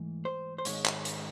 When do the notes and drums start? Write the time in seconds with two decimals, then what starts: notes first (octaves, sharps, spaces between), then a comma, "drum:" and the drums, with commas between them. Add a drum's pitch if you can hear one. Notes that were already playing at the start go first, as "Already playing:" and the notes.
Already playing: G#2 E3 A3
0.25 C5
0.58 C5
0.65 G#2 D#3 G#3 C#5, drum: hi-hat
0.85 drum: clap
1.05 drum: hi-hat